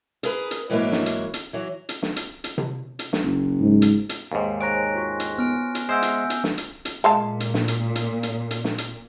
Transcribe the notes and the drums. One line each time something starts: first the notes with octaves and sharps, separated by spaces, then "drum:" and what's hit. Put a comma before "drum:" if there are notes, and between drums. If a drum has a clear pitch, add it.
G#4 A#4 B4, drum: hi-hat
drum: hi-hat
G#2 E3 F#3 G3 A#3 E4
drum: snare
drum: hi-hat
drum: hi-hat
E3 F#3
drum: hi-hat
drum: snare
drum: hi-hat
drum: hi-hat
drum: tom C3
drum: hi-hat
drum: snare
F#1
G#2
drum: hi-hat
drum: hi-hat
D#2 G#2 F5
C5 C#5 G#5 A#5 F#6 A#6 D7
F4 F#4
drum: hi-hat
B3 G#5 F6
drum: hi-hat
G#3 C5 E5 F#5 G#5 E6 G6
drum: hi-hat
drum: hi-hat
drum: snare
drum: hi-hat
drum: hi-hat
A#2 G#3 F5 A5
drum: hi-hat
drum: snare
drum: hi-hat
drum: hi-hat
drum: hi-hat
drum: hi-hat
drum: snare
drum: hi-hat